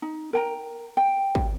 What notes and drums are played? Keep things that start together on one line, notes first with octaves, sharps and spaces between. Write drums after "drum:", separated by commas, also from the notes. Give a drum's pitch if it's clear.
D#4
A#4 G5 A#5
G5
drum: kick